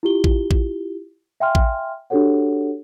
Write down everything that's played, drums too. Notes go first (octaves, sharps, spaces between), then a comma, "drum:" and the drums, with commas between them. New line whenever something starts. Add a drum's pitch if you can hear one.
E4 F4 G4 G7
drum: kick A1
drum: kick A1
E5 F5 G5 G#5 C6 F6
drum: kick A1
D4 F#4 G4 A4 C#5 F#5